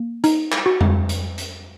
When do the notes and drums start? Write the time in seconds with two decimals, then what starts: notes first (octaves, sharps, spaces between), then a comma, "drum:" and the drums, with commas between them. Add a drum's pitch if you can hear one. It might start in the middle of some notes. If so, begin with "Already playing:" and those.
Already playing: A#3
0.24 D#4, drum: hi-hat
0.52 drum: clap
0.66 F#4
0.81 drum: tom F2
1.09 drum: hi-hat
1.38 drum: hi-hat